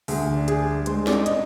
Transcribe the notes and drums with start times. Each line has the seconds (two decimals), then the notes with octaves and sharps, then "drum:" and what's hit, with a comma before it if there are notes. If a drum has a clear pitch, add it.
0.08 D2 G#4, drum: open hi-hat
0.35 D4
0.48 G#4, drum: hi-hat
0.61 G3
0.86 G#3 C5, drum: hi-hat
1.07 D5, drum: snare
1.13 D#4
1.26 D#5, drum: hi-hat